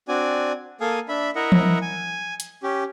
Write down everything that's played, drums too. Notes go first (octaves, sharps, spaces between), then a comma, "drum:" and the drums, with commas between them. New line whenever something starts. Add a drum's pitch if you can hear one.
C4 D4 F#4 D5 G#5
A#3 A4 F5 G#5 D#6
D4 E5 B5
E4 A#4 D#5 E5 F#5
drum: tom E3
G#5
drum: hi-hat
C#4 G4